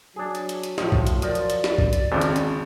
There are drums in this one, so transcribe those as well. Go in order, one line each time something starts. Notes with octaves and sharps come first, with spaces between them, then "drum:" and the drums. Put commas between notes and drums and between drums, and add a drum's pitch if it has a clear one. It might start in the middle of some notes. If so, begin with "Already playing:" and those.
F#3 D4 G#4
drum: hi-hat
drum: hi-hat
drum: hi-hat
A2 F3, drum: snare
drum: kick
drum: hi-hat
F3 A#4 D5, drum: hi-hat
drum: hi-hat
drum: hi-hat
drum: snare
drum: kick
drum: hi-hat
G#1 C#3 D4
drum: hi-hat
drum: hi-hat